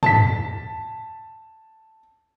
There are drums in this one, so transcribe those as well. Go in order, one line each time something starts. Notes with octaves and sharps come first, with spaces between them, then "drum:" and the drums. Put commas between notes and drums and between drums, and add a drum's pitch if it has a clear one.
A5 B6, drum: tom